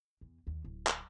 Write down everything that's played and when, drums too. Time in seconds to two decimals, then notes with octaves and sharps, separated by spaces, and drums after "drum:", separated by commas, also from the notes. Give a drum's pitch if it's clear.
0.21 E2
0.47 D#2
0.64 D1
0.87 drum: clap